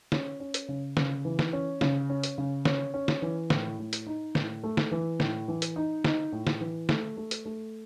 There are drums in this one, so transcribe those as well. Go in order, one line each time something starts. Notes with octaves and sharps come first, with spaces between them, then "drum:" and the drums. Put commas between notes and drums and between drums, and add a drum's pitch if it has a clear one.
C#4, drum: snare
C#4
drum: hi-hat
C#3
C#3, drum: snare
E3
drum: snare
C#4
C#3, drum: snare
C#4
drum: hi-hat
C#3
C#4, drum: snare
C#4
drum: snare
E3
A2, drum: snare
A2
drum: hi-hat
D#4
A2, drum: snare
A3
drum: snare
E3
A2, drum: snare
E3
drum: hi-hat
D#4
D#4, drum: snare
A2
drum: snare
E3
A3, drum: snare
A3
drum: hi-hat
A3